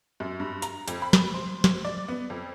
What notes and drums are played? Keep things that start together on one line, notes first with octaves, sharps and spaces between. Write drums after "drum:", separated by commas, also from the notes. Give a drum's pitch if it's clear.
F#2
G2
A#5, drum: hi-hat
F2, drum: hi-hat
B5
drum: snare
C5
drum: snare
D5
B3
F2